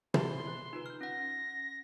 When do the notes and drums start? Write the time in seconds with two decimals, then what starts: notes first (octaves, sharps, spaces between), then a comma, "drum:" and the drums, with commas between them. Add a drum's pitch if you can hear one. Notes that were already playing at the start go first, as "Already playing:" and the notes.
0.14 E5 B5 C6, drum: tom
0.47 F#6
0.73 D#4 F4 B4
0.86 F6 G6
1.01 C#4 F#5 A#6